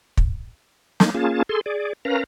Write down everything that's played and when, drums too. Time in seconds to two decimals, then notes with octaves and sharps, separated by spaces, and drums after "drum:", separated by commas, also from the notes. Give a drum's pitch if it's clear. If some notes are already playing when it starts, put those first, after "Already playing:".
0.17 drum: kick
1.00 A#3 D#4, drum: snare
1.14 A#3 C#4 F4 G#4 A5
1.49 G#4 A4 C6
1.66 G#4 D5
2.05 C#4 A#4 B4 F5 A#5